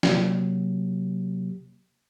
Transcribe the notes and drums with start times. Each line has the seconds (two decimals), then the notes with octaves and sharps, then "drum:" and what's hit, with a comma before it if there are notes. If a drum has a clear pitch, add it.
0.03 C3 F#3 A#3 G4, drum: snare